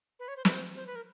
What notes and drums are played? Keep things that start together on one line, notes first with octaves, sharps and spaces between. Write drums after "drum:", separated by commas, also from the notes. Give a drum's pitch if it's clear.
B4
C#5
C5
B4, drum: snare
C5
C5
B4
A#4